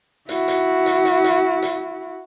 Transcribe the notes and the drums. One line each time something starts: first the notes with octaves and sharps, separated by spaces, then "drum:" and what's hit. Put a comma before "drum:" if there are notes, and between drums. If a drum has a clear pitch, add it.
E4 F#4, drum: hi-hat
drum: hi-hat
drum: hi-hat
drum: hi-hat
drum: hi-hat
drum: hi-hat